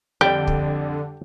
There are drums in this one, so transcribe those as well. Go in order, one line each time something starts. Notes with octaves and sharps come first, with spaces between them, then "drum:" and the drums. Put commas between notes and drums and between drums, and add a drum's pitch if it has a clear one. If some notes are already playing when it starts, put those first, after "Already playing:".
F2 D3 G3 D4 G5
drum: kick